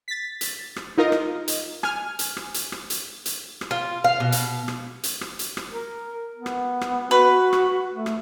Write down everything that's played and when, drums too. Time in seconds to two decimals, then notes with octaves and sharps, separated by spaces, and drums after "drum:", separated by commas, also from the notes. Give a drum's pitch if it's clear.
0.08 A6 B6
0.41 drum: hi-hat
0.76 drum: rim click
0.98 D#4 F4 A#4 D#5
1.12 drum: rim click
1.48 drum: hi-hat
1.83 G#5 F6, drum: rim click
2.19 drum: hi-hat
2.37 drum: rim click
2.54 drum: hi-hat
2.72 drum: rim click
2.90 drum: hi-hat
3.26 drum: hi-hat
3.61 drum: rim click
3.71 F4
4.04 F5
4.20 B2
4.32 drum: hi-hat
4.68 drum: rim click
5.03 drum: hi-hat
5.21 drum: rim click
5.39 drum: hi-hat
5.57 drum: rim click
5.70 A#4
6.35 B3
6.46 drum: rim click
6.81 drum: rim click
7.11 F#4 B4
7.53 drum: rim click
7.93 A3
8.06 drum: rim click